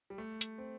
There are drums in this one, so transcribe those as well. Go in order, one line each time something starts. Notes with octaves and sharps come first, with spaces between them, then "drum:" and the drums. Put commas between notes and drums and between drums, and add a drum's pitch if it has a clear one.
G3
A3
drum: hi-hat
C4